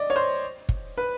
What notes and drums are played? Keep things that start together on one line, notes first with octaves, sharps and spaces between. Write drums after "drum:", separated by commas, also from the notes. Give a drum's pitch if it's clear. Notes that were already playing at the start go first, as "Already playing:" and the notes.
Already playing: D5 D#5
C#5
C5
drum: kick
B4